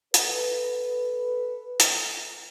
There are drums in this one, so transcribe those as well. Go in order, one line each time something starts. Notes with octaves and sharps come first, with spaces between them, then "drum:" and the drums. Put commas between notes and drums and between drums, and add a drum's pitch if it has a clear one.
A4 B4, drum: hi-hat
drum: hi-hat